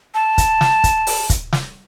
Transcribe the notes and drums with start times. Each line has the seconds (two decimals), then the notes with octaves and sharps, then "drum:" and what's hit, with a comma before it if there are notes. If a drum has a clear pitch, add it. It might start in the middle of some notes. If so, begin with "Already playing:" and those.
0.15 A5
0.38 drum: kick, hi-hat
0.61 drum: snare
0.84 drum: kick, hi-hat
1.07 drum: open hi-hat
1.30 drum: kick, hi-hat
1.53 drum: snare